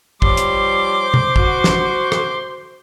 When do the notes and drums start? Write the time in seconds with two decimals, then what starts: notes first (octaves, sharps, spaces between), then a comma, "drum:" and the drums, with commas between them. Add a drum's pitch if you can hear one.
0.22 F3 G3 C#5 C6 D6, drum: kick
0.37 drum: hi-hat
1.02 C5
1.14 drum: tom B2
1.36 F#4, drum: kick
1.64 drum: snare
2.12 drum: rim click